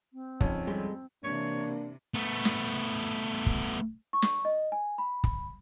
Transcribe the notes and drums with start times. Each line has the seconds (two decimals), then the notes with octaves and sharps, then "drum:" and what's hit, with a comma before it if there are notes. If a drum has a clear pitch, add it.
0.13 C4
0.41 F2 G#2 C#4, drum: kick
0.67 G3 G#3 A4
1.24 C3 E3 A#3 D4 C#5
2.14 A3 B3
2.45 drum: snare
3.46 drum: kick
4.13 C#6
4.22 drum: snare
4.45 D#5
4.72 G#5
4.98 B5
5.24 drum: kick